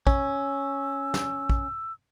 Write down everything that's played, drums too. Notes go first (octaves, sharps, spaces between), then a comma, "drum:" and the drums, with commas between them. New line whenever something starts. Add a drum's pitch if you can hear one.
C#4 E6, drum: kick
drum: snare
drum: kick